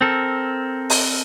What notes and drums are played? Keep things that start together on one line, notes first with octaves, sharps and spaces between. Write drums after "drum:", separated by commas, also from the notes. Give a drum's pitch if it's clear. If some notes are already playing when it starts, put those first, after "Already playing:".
C4 A4 A#4
drum: open hi-hat